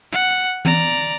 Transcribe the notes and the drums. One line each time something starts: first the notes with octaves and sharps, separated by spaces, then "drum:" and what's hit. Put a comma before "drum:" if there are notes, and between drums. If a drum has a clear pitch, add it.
F#5
D5 A#5, drum: tom E3